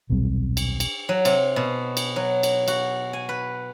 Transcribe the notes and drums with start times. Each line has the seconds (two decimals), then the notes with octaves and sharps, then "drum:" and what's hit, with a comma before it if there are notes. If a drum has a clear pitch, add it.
0.10 D#1 B1 G3 C4
0.57 drum: cymbal
0.80 drum: cymbal
1.09 F#3
1.25 C3, drum: cymbal
1.56 B2
1.97 drum: cymbal
2.16 F#3
2.43 drum: cymbal
2.68 F#4, drum: cymbal
3.13 G#5
3.29 B4